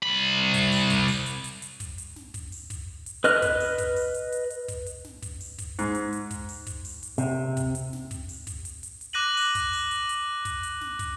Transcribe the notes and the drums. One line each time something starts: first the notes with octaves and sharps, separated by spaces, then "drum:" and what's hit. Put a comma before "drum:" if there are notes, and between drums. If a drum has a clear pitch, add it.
C2 B5
drum: kick, hi-hat
drum: open hi-hat
drum: kick, hi-hat
drum: open hi-hat
drum: hi-hat
drum: hi-hat
drum: hi-hat
drum: kick, hi-hat
drum: hi-hat
drum: snare
drum: kick, hi-hat
drum: open hi-hat
drum: kick, hi-hat
drum: hi-hat
B4 D#5 F6 F#6, drum: hi-hat
drum: kick, hi-hat
drum: open hi-hat
drum: kick, hi-hat
drum: open hi-hat
drum: hi-hat
drum: hi-hat
drum: hi-hat
drum: kick, hi-hat
drum: hi-hat
drum: snare
drum: kick, hi-hat
drum: open hi-hat
drum: kick, hi-hat
G#2, drum: hi-hat
drum: hi-hat
drum: hi-hat
drum: kick, hi-hat
drum: open hi-hat
drum: kick, hi-hat
drum: open hi-hat
drum: hi-hat
C3, drum: hi-hat
drum: kick, hi-hat
drum: hi-hat
drum: snare
drum: kick, hi-hat
drum: open hi-hat
drum: kick, hi-hat
drum: hi-hat
drum: hi-hat
drum: hi-hat
D6 F#6 A#6 D#7 F#7
drum: open hi-hat
drum: kick, hi-hat
drum: open hi-hat
drum: hi-hat
drum: hi-hat
drum: kick, hi-hat
drum: hi-hat
drum: snare
drum: kick, hi-hat